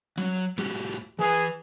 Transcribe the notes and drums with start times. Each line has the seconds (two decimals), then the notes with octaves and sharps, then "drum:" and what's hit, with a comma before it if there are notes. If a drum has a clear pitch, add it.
0.17 F#3 C#5, drum: snare
0.36 drum: hi-hat
0.58 A2 F#4 G4, drum: snare
0.74 drum: hi-hat
0.92 drum: hi-hat
1.19 E3 G#4 B4